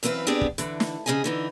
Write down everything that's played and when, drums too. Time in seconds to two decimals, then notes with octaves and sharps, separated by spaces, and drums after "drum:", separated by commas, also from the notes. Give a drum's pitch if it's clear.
0.03 F#2 E3 C4 B4 F5, drum: hi-hat
0.27 B3 C4 D4 G4 G#4 D5
0.41 drum: kick
0.58 D3 E3, drum: hi-hat
0.80 drum: snare
1.06 F2 C#3 E3 G#4 D#5 G#5
1.24 D3 E3 D#4